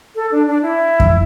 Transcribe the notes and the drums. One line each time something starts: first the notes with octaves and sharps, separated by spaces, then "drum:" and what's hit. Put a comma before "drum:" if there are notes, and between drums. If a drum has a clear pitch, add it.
A4
D4
D4
E4
drum: kick F2